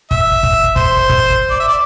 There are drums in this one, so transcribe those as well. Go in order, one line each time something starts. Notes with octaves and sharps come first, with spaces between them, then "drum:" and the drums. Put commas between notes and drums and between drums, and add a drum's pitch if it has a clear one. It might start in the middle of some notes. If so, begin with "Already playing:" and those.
E5, drum: kick
drum: kick
C5, drum: kick
drum: kick
D5
E5
D5